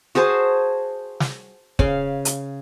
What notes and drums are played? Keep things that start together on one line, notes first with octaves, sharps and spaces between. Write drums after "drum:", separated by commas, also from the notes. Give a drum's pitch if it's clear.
F#4 G#4 C5 A5
drum: snare
C#3 F5, drum: kick
drum: hi-hat